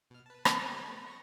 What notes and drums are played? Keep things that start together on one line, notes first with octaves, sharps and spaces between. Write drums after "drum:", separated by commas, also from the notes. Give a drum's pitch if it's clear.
B2 F6
B4 A5
C#4, drum: rim click
G4 A#5 D#6
A3 B3 B4
C#6 A#6